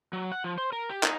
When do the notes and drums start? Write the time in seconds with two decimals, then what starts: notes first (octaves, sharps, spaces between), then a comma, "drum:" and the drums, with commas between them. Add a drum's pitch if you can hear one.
0.13 F#3
0.32 F#5
0.44 F3
0.58 C5
0.72 A#4
0.90 G4
1.03 D#4, drum: clap